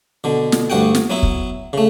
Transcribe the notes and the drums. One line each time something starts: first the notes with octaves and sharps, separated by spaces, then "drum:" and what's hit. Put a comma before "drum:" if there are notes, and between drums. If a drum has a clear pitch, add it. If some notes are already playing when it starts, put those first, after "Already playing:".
B2 D3
drum: snare
D2 G2 F#4 F#5 G5
drum: snare
F#3 B3 E4
drum: kick
C#3 A3